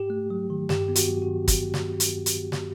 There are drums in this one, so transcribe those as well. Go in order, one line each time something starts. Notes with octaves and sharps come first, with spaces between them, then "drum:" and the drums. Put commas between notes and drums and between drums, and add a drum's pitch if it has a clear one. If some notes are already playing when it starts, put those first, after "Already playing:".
Already playing: G#2 G4
A3
F#3
D#3
G2 G4, drum: snare
B3
F#4, drum: hi-hat
F#3
F#4
D#3
drum: kick, hi-hat
drum: snare
drum: hi-hat
drum: hi-hat
drum: snare